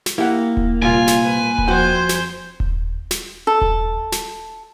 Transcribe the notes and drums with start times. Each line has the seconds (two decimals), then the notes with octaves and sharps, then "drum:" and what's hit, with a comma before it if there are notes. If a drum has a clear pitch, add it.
0.06 drum: snare
0.18 A#3 E4 G4 F#5
0.57 drum: kick D#1
0.82 C2 A#2 F4 G#5
1.08 drum: snare
1.23 B4
1.58 drum: kick D#1
1.68 F2 F#4 C5 G5
2.09 drum: snare
2.60 drum: kick D#1
3.11 drum: snare
3.47 A4
3.61 drum: kick D#1
4.12 drum: snare